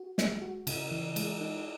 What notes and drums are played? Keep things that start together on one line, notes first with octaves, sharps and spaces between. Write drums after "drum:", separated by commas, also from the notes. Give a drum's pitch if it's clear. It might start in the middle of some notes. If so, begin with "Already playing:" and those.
Already playing: F#4
G#3, drum: snare
F#4
C#3, drum: cymbal
E3
G#3, drum: cymbal
D#4